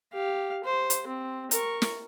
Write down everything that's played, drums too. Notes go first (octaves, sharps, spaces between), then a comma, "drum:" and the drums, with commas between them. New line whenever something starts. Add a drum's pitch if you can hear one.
G4 F5
C5
drum: hi-hat
C4
A#4 C#6, drum: hi-hat
drum: snare